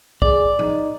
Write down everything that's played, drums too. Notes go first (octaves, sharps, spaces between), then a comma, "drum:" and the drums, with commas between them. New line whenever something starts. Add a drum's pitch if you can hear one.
G#4 D5, drum: kick
D#4, drum: tom